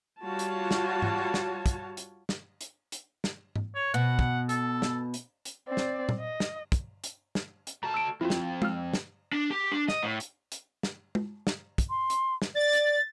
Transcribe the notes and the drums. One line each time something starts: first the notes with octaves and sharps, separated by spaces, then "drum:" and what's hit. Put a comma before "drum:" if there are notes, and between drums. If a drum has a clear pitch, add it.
G3 F4 F#4 C#5 A5
drum: hi-hat
drum: snare
drum: tom G#2
drum: snare
drum: kick, hi-hat
drum: hi-hat
drum: snare
drum: hi-hat
drum: hi-hat
drum: snare
drum: tom G#2
C#5
B2 F#5
drum: kick
A4, drum: hi-hat
drum: snare
drum: hi-hat
drum: hi-hat
C4 D5
drum: snare
drum: tom A#2
D#5
drum: snare
drum: kick, hi-hat
drum: hi-hat
drum: snare
drum: hi-hat
A3 F#4 A5 A#5
E6 D7
F3 C4 E4 F4
drum: snare
F5 E6 F6, drum: tom G#3
drum: snare
D4
G4
D4
D#5, drum: snare
A2
drum: hi-hat
drum: hi-hat
drum: snare
drum: tom G#3
drum: snare
drum: kick, hi-hat
C6
drum: hi-hat
drum: snare
D5 A6
drum: hi-hat